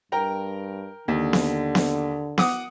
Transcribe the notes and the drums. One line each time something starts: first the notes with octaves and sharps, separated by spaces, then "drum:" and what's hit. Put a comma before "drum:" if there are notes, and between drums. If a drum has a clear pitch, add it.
G2 A#4 G5 A#5
D#2 D3
drum: snare B3
drum: snare B3
F#5 D6 D#6, drum: snare B3